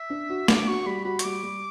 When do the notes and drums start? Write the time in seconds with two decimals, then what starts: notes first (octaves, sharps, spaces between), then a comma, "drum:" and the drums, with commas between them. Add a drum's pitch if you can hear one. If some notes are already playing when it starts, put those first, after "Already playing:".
Already playing: E5
0.10 D4
0.30 F#4
0.48 D4 D6, drum: snare
0.67 F#4 C#6
0.86 G3 B5
1.05 F#4 B5
1.19 C#6, drum: hi-hat
1.24 G3 D6
1.43 G3